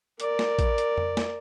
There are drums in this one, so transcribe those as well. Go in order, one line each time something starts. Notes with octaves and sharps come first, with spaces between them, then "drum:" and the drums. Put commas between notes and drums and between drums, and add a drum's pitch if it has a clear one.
A#4 D5, drum: hi-hat
drum: snare
drum: kick, hi-hat
drum: hi-hat
drum: tom F2
drum: snare